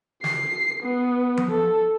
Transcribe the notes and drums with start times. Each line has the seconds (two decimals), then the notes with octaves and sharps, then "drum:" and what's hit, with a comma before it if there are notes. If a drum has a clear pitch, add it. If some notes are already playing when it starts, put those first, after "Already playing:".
0.24 C7, drum: snare
0.83 B3
1.37 drum: tom F3
1.51 A4